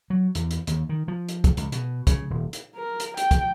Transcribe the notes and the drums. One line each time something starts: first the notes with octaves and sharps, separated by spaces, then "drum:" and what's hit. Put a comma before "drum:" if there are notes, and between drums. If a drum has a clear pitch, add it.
F#3
E2, drum: hi-hat
drum: hi-hat
D#2, drum: hi-hat
D#3
F3
drum: hi-hat
drum: kick, hi-hat
C#2, drum: hi-hat
B2, drum: hi-hat
C#3, drum: kick, hi-hat
D#1
drum: hi-hat
A#4
drum: hi-hat
G5, drum: hi-hat
drum: kick, hi-hat